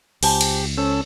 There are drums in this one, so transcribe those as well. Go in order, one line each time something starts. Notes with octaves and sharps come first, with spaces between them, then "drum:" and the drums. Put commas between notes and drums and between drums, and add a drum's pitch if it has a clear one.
C#2 G4 C5 G#5 A5, drum: open hi-hat
drum: cymbal
C#4 A4 C5 E6